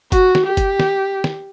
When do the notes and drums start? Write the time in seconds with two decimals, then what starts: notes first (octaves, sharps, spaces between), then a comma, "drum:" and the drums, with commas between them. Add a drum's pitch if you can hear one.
0.12 F#4, drum: kick F#1, hi-hat
0.35 drum: snare
0.46 G4
0.57 drum: kick F#1, hi-hat
0.80 drum: snare
1.24 drum: snare